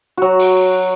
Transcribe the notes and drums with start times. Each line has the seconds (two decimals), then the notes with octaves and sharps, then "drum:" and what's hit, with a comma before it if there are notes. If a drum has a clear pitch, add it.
0.18 F#3 F#4
0.39 drum: open hi-hat